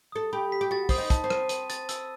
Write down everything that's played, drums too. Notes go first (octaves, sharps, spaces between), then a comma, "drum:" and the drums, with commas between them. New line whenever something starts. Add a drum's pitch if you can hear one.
A4 D#6
G4 B5
B6
G4
F#4 A6
C4 D#6, drum: kick, open hi-hat
D#4
A5, drum: kick, hi-hat
C4
D#7, drum: rim click
D#7, drum: hi-hat
A6, drum: hi-hat
E6, drum: hi-hat